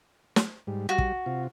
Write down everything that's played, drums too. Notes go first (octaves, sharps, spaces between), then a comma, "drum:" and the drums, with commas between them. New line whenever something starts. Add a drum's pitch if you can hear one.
drum: snare
G#2 G3
G3 F#4
drum: kick
C3 F4